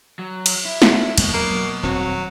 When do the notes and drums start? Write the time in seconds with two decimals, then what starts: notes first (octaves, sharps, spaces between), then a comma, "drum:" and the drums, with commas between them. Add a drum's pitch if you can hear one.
0.19 F#3
0.46 drum: cymbal
0.65 E4
0.82 drum: snare
1.18 F2 B2 G#3 A#3, drum: cymbal
1.34 F#3 A#3
1.83 D#1 F#3 C4